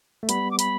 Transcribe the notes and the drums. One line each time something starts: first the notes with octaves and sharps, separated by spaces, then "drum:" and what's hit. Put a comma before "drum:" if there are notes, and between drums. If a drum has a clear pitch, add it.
A3
G3 B3 B5, drum: hi-hat
D6
B5, drum: hi-hat